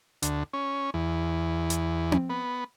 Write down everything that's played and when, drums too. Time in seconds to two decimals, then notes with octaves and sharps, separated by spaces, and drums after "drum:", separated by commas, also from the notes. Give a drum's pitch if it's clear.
0.22 D2, drum: hi-hat
0.53 C#4
0.94 E2
1.70 drum: hi-hat
2.12 drum: tom C4
2.30 B3